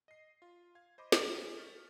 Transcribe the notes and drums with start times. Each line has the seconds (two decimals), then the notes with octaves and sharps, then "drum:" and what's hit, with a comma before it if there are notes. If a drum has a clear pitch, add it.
0.08 D#5 C7
0.42 F4
0.75 F5 G#6
0.98 C5 D#5 B5 D6
1.12 D#5 G#5, drum: snare
1.57 C#6 F6 A6 B6